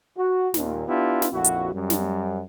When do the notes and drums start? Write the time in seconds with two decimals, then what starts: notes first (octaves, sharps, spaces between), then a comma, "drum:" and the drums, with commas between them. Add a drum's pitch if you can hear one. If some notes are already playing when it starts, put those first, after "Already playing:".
0.17 F#4
0.54 D#2 A#2, drum: snare
0.87 B3 D4 E4 F4 G4
1.22 drum: snare
1.32 A#1 F2 E4 F#4
1.45 drum: hi-hat
1.73 F#2 G3
1.90 drum: snare